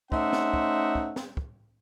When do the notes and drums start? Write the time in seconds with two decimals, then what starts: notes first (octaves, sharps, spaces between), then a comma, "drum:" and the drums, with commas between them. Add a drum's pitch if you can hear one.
0.12 A3 C#4 D#4 C5 E5 F#5, drum: kick
0.33 drum: snare
0.54 drum: kick
0.95 drum: kick
1.16 drum: snare
1.37 drum: kick